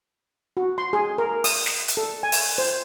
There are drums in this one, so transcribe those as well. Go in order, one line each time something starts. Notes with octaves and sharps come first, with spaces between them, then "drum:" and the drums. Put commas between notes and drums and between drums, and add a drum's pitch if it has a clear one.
F#4
C6
G#4
A#4
D#6, drum: open hi-hat
drum: snare
drum: hi-hat
A4
G#5
drum: open hi-hat
C5